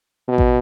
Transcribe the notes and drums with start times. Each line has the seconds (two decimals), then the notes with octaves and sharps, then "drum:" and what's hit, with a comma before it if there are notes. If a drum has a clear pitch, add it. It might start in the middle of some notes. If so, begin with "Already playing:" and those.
0.28 B2
0.38 drum: kick